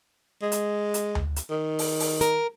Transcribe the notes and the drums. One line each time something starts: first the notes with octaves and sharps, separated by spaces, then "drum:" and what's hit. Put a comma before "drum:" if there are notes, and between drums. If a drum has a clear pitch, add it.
G#3
drum: hi-hat
drum: hi-hat
drum: tom D2
drum: hi-hat
D#3
drum: open hi-hat
drum: open hi-hat
A#4, drum: hi-hat